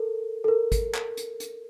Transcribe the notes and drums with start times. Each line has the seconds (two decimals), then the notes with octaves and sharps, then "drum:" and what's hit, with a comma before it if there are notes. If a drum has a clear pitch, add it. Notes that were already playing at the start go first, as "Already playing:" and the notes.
Already playing: A4 A#4
0.44 A4
0.48 A#4
0.72 drum: kick, hi-hat
0.95 drum: clap
1.17 drum: hi-hat
1.40 drum: hi-hat